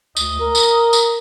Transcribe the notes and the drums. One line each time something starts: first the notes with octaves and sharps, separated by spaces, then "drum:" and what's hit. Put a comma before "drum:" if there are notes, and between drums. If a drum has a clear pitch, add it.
D2 D#5, drum: tambourine
A#4
drum: tambourine
drum: tambourine